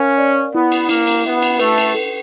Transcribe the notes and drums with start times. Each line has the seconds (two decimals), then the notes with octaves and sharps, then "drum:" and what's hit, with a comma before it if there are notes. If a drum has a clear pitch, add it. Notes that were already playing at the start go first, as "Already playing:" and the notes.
Already playing: C#4 A#4 F5
0.18 D5
0.54 B3 E4
0.72 drum: cymbal
0.89 A#3 E4, drum: cymbal
1.07 drum: cymbal
1.25 B3 E5
1.42 drum: cymbal
1.59 A3 B4, drum: cymbal
1.78 drum: cymbal
1.95 A4